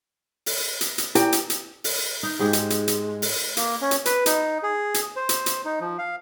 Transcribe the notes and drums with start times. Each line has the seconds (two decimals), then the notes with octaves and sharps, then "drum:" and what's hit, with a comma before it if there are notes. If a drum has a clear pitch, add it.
0.46 drum: open hi-hat
0.81 drum: hi-hat
0.98 drum: hi-hat
1.15 E4 G4 G5 G#5, drum: hi-hat
1.32 drum: hi-hat
1.50 drum: hi-hat
1.84 drum: open hi-hat
2.23 D#4
2.39 G#2 G#3 G4 G#4
2.53 drum: hi-hat
2.70 drum: hi-hat
2.88 drum: hi-hat
3.22 drum: open hi-hat
3.57 A#3, drum: hi-hat
3.81 C#4
3.91 drum: hi-hat
4.06 B4, drum: hi-hat
4.26 D#4, drum: hi-hat
4.63 G#4
4.94 drum: hi-hat
5.16 C5
5.29 drum: hi-hat
5.46 drum: hi-hat
5.65 D#4
5.80 F3
5.98 F5